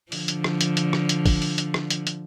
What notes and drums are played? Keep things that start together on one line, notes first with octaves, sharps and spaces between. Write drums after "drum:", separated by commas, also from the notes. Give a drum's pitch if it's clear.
D3 F3, drum: open hi-hat
drum: hi-hat
drum: rim click
drum: hi-hat
drum: hi-hat
drum: rim click
drum: hi-hat
drum: kick, open hi-hat
drum: open hi-hat
drum: hi-hat
drum: rim click
drum: hi-hat
drum: hi-hat